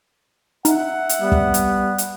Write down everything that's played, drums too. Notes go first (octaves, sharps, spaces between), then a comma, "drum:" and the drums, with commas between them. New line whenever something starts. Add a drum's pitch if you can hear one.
D#4 E5 F#5, drum: hi-hat
drum: hi-hat
G3 B3
drum: kick
drum: hi-hat
drum: hi-hat